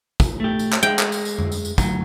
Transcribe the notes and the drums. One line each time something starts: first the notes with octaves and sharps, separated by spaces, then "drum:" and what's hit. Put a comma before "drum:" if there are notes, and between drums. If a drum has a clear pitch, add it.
drum: kick, tambourine
A3 G4
drum: tambourine
drum: clap
G#3 G5
drum: clap
drum: tambourine
drum: tambourine
drum: tom F2
drum: tambourine
drum: tambourine
D2 F#3, drum: kick, tambourine